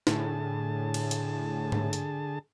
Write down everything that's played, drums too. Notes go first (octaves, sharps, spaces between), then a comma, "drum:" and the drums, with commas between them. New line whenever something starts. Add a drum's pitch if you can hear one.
A2 D3 G#4 A5, drum: snare
drum: cymbal
drum: hi-hat
drum: tom G#2
drum: hi-hat